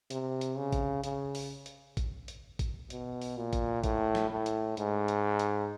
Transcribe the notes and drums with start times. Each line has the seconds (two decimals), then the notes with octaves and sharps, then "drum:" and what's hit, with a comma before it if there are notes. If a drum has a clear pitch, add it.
0.10 C3, drum: hi-hat
0.41 drum: hi-hat
0.57 C#3
0.72 drum: kick, hi-hat
1.04 C#3, drum: hi-hat
1.35 drum: open hi-hat
1.66 drum: hi-hat
1.97 drum: kick, hi-hat
2.28 drum: hi-hat
2.59 drum: kick, hi-hat
2.90 B2, drum: hi-hat
3.22 drum: open hi-hat
3.37 A#2
3.53 drum: kick, hi-hat
3.84 A2, drum: kick, hi-hat
4.15 drum: snare
4.30 A2
4.46 drum: hi-hat
4.77 G#2, drum: hi-hat
5.08 drum: hi-hat
5.39 drum: hi-hat